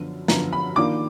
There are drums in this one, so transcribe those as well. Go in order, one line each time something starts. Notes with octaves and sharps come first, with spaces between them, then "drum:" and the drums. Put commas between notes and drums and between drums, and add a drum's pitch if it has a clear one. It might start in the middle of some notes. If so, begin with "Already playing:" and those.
Already playing: F#2 D3 F3 B3
F#2 D3 F3 B3 A#5, drum: snare
B5
D#3 A#3 D4 F4 D6